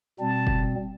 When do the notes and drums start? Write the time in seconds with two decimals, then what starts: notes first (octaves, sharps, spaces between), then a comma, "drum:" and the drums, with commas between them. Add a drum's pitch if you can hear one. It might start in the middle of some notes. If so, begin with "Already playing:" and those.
0.20 B2 G3 C4 A5
0.47 drum: kick F#1